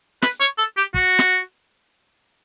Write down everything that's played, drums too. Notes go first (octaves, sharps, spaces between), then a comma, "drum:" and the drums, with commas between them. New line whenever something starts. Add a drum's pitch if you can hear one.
B4, drum: snare
C#5
A4
G4
F#4, drum: kick
drum: snare